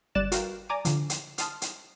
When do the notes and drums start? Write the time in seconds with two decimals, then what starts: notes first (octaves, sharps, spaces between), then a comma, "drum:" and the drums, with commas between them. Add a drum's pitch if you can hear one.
0.15 G1 G3 D5 F#6 A6 E7
0.32 F#4 A#4 B4 F5 G5, drum: hi-hat
0.69 D5 G#5 A#5 D6 D#7
0.85 D3 F3, drum: hi-hat
1.10 drum: hi-hat
1.38 A5 C6 D#6 F6, drum: hi-hat
1.62 drum: hi-hat